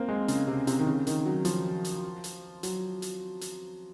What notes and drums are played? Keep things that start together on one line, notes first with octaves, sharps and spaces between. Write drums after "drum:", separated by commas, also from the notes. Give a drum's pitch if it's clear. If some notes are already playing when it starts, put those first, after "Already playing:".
Already playing: A#3 C4
G#3
C#3, drum: hi-hat
C3
C3, drum: hi-hat
D#3
C#3
D#3, drum: hi-hat
F#3
F3, drum: hi-hat
drum: hi-hat
drum: hi-hat
F#3, drum: hi-hat
drum: hi-hat
drum: hi-hat